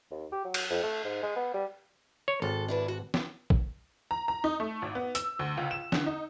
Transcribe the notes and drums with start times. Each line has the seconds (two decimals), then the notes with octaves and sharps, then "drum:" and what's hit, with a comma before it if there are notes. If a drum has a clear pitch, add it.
0.11 D#2
0.32 G4
0.45 F#3
0.54 drum: cymbal
0.70 F2
0.83 A3
1.04 G#2
1.23 G#3
1.36 B3
1.54 G3
2.28 C#5
2.42 G#1 A4
2.68 D4 E4 B4
2.88 F#4
3.14 drum: snare
3.50 drum: kick
4.11 A#5
4.28 A#5
4.44 D#4
4.60 A3
4.82 G#1
4.95 B3
5.15 E6, drum: hi-hat
5.39 D2
5.57 C#2
5.71 E7
5.92 D3, drum: snare
6.06 D#4